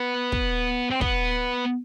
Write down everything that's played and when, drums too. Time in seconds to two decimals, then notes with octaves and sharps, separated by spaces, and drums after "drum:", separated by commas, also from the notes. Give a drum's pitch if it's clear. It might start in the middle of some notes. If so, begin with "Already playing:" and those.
Already playing: B3
0.32 drum: kick
0.91 C4
1.01 B3, drum: kick